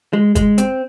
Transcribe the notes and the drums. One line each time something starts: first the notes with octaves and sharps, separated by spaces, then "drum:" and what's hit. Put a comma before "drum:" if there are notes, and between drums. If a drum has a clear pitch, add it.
G#3
G#3, drum: kick, hi-hat
C4, drum: hi-hat